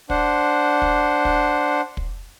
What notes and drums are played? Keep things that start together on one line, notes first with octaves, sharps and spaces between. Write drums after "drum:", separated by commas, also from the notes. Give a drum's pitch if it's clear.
D4 C5 F#5, drum: kick
drum: kick
drum: kick
drum: kick